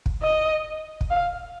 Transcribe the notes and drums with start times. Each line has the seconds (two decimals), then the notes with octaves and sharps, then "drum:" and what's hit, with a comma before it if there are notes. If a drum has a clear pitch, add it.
0.06 drum: kick
0.22 D#5
1.01 drum: kick
1.10 F5